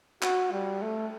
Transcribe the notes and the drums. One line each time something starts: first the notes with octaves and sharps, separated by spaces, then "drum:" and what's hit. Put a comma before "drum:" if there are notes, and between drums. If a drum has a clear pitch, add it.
F#4, drum: clap
G3
A3